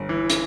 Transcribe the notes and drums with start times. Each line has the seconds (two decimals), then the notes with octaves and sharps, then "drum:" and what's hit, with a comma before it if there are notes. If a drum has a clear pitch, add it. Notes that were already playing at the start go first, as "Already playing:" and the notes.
Already playing: G1
0.09 E3
0.30 drum: hi-hat